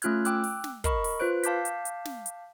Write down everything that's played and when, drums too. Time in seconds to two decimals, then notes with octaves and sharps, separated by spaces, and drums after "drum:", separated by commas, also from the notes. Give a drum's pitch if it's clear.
0.02 A3 C#4 F4 F6 F#6 G#6, drum: hi-hat
0.25 G5 D6 E6 F#6, drum: hi-hat
0.44 drum: open hi-hat
0.64 drum: snare
0.84 A#4 D#5 B5 C#6, drum: kick, hi-hat
1.04 drum: open hi-hat
1.20 F4 B4 C5 F#6 D7
1.43 F5 A5 D6 G6 B6, drum: hi-hat
1.65 drum: hi-hat
1.85 drum: hi-hat
2.05 drum: snare
2.26 drum: hi-hat